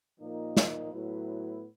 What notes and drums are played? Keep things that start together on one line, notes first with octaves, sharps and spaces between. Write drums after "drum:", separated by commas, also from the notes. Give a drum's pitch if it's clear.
A#2 F3 A#3 D#4
drum: snare
A2 F#3 B3 E4